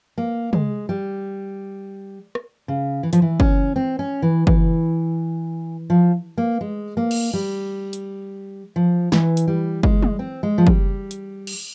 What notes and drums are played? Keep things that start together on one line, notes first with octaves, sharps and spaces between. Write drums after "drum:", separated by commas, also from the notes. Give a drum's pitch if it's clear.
A#3
G#3, drum: tom
G3
drum: rim click
C#3
E3
F3, drum: hi-hat
E3
C#4, drum: kick
C4
C#4
E3
E3, drum: kick
F3
A#3
G#3
A#3
drum: cymbal
G3
drum: hi-hat
F3
E3, drum: snare
drum: hi-hat
G3
G#3, drum: kick
drum: tom
C4
G#3
F3
G3, drum: kick
drum: hi-hat
drum: cymbal